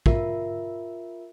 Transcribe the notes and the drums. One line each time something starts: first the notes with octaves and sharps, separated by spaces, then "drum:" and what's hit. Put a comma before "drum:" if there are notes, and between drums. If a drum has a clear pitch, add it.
F4 A#4 E5, drum: kick